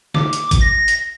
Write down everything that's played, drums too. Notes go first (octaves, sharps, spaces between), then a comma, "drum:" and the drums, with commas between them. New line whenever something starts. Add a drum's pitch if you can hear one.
D6, drum: snare
drum: hi-hat
drum: kick G#1, hi-hat
A#6
drum: hi-hat